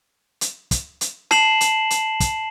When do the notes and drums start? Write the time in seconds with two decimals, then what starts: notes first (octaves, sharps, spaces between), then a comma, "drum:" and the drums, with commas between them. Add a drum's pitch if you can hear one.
0.41 drum: hi-hat
0.71 drum: kick, hi-hat
1.01 drum: hi-hat
1.31 A5 C7 E7 F#7, drum: snare
1.61 drum: hi-hat
1.90 drum: hi-hat
2.20 drum: kick, hi-hat